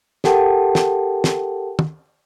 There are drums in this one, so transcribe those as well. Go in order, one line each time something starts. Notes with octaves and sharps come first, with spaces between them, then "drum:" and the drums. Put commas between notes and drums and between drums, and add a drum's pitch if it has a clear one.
G4 A4 A#4 F#5 G5 A5, drum: snare
drum: snare
drum: snare
drum: tom